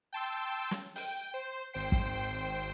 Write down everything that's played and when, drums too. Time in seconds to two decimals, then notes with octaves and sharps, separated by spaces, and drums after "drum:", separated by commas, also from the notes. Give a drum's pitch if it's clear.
0.13 G5 A5 C6 E6
0.71 drum: snare
0.96 G5, drum: open hi-hat
1.34 C5
1.73 G#1 C5 G5 C7
1.92 drum: kick